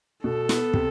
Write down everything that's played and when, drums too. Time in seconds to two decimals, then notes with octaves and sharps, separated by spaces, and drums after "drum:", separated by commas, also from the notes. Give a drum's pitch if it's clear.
0.24 B2 A4
0.49 B3, drum: snare
0.74 C3, drum: kick